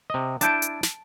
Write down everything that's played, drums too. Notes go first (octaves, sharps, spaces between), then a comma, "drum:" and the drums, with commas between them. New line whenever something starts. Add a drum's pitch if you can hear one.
C3 D#5
D4 E4 A5 G6 D7, drum: hi-hat
drum: hi-hat
drum: snare